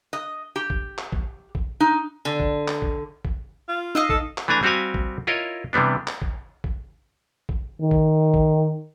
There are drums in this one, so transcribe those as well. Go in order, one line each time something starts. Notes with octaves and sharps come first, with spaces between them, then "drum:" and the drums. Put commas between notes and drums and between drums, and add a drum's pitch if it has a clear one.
D#5
G4
drum: kick
drum: clap
drum: kick
drum: kick
D#4
D3
drum: kick
drum: clap
drum: kick
drum: kick
F4
D#4 D#5 F5 E6
A4, drum: kick
drum: clap
E3 A3 D4 G#5 A#5
G3 C4 F#4 G4 F5 G#5
drum: kick
E4 F4 A#4 C#5 D#5
C3 E3 G3 B3 D4
drum: clap
drum: kick
drum: kick
drum: kick
D#3
drum: kick
drum: kick